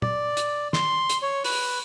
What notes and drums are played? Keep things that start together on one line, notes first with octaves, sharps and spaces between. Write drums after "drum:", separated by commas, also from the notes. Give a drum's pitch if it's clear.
D5, drum: tom
drum: hi-hat
C6, drum: snare
drum: hi-hat
C#5
B4, drum: open hi-hat